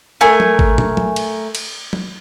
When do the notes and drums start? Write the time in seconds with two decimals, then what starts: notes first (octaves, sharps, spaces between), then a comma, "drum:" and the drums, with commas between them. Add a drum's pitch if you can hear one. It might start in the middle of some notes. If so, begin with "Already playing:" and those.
0.21 A3 A#4 G#5
0.40 drum: tom
0.59 drum: kick G#1
0.78 drum: tom
0.97 drum: tom
1.16 drum: cymbal
1.55 drum: cymbal
1.93 drum: tom